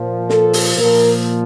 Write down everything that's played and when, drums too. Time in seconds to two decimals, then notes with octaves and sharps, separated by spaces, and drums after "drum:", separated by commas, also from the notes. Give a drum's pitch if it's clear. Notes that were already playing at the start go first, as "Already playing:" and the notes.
Already playing: A#2 F3
0.30 A4, drum: snare
0.53 drum: open hi-hat
0.77 A#2 F3 A#4